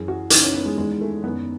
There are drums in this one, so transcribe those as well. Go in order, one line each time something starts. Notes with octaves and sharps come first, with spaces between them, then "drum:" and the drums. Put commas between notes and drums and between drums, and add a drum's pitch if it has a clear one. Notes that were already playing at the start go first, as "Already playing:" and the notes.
Already playing: F#2 E3 G#4
F#4
F#2 C#3 E3 D#4, drum: hi-hat
C#4
B3
G#3
E2 D#3 G#3
A3
F#2 D#3 B3